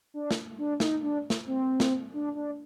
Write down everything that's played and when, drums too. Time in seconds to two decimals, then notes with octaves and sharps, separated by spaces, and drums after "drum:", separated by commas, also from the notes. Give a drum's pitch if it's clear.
0.14 D4
0.31 drum: snare
0.58 D4
0.80 D#4, drum: snare
1.03 D4
1.30 drum: snare
1.47 C4
1.80 drum: snare
2.14 D4
2.35 D4